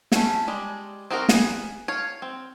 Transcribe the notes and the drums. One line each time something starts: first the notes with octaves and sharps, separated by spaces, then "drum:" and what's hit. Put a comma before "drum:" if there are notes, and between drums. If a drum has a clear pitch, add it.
A3 C#4 E4, drum: snare
G3 G#3
C4 D#4 F#4 G#4 A#4
G#4 B4, drum: snare
C#5 F5
C4